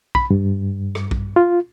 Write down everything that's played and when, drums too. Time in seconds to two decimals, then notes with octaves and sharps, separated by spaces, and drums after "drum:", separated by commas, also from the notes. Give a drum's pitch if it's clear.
0.15 B5, drum: kick A#1
0.30 G2
0.95 drum: rim click
1.11 drum: kick A#1
1.36 F4